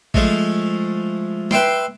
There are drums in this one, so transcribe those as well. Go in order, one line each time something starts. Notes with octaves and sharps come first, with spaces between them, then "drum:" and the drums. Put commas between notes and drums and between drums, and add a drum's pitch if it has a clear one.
F3 G#3 A3, drum: kick A1
B4 E5 G5 C6, drum: snare